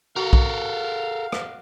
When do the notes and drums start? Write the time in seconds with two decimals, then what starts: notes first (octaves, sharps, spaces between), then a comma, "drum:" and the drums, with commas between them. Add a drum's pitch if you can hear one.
0.16 F#4 A4 A#4 F5
0.33 drum: kick B1
1.32 drum: rim click